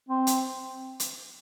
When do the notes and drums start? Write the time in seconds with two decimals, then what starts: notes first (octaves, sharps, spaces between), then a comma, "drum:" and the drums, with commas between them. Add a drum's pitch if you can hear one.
0.09 C4
0.27 drum: hi-hat
1.00 drum: hi-hat